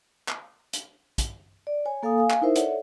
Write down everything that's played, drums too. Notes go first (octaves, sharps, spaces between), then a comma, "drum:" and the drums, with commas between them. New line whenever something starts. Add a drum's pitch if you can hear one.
drum: clap
drum: hi-hat
drum: kick, hi-hat
D5
C#5 G#5
A#3 A4 F5 G#5 D#6
F5 G#5
drum: clap
D#4 E4 A#4 C5 E5
A4 C#5 D5 E5 F#5, drum: hi-hat